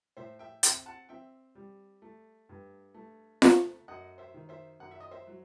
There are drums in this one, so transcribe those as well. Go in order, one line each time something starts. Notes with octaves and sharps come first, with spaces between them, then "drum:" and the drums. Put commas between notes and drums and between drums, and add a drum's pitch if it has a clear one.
A2 C5 E5
E5 G5
C4 E5 G5, drum: hi-hat
F#5 A5
C4 E5 G5
G3
A3
G2
A3
A3, drum: snare F4
F#2 D#5 F#5
C5 E5
D#3
C5 E5
F#2 F#5
E5
D#5
C5 E5
F#3